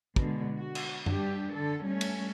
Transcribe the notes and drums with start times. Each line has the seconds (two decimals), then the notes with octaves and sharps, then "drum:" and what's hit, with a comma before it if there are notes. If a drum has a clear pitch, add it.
0.16 B2 D3 G#3, drum: kick
0.56 F#4
0.75 drum: cymbal
1.06 G2 D4 G4, drum: tom F#2
1.55 D3 A4
1.85 G3 A3 C#4
2.01 drum: cymbal